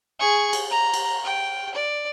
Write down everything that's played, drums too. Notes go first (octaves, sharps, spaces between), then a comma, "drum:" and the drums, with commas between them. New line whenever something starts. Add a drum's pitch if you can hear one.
G#4 C#6
drum: cymbal
A#5
drum: cymbal
G5
D5